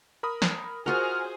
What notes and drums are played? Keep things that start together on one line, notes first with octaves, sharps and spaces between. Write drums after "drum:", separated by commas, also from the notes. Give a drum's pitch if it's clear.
A#4 B5 D#6
drum: snare
F4 F#4 G#4 A#4 C5 D#5 F#5 F6